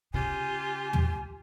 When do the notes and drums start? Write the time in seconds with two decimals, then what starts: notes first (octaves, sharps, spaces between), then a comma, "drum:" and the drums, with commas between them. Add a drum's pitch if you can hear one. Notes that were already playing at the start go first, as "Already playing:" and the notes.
0.14 C#3 F4 G4 G#5
0.93 drum: tom